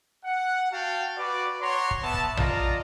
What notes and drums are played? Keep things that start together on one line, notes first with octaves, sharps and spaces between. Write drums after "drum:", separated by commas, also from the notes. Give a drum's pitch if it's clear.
F#5
F#4 F5 G5 A5
F#4 B4 D5
C#5 F#5 A#5 C6
drum: kick
B3 E5 A5
drum: kick
F4 D5 D#5 F5 A#5, drum: tom A#1